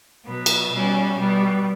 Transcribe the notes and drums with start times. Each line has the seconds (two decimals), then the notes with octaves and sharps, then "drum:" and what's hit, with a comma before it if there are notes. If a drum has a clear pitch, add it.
0.25 B2 F#3 B3
0.46 drum: cymbal
0.71 B2 G3 C#4
1.18 B2 G3 B3